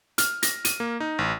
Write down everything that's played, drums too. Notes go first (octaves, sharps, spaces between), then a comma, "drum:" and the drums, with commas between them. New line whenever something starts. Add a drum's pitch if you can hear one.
F6, drum: hi-hat
A#6, drum: hi-hat
D#7, drum: hi-hat
A#3
D#4
A1